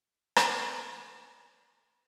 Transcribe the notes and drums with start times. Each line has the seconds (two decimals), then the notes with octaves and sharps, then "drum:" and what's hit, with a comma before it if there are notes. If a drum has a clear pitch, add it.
0.03 D5
0.36 drum: rim click
0.48 F#5
1.02 A#4
1.33 C3
1.44 C6
1.66 G#4
1.86 D#4